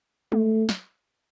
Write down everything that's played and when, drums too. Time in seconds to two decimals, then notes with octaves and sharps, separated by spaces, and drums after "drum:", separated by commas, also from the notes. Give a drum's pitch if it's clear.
0.32 A3, drum: tom G#3
0.69 drum: snare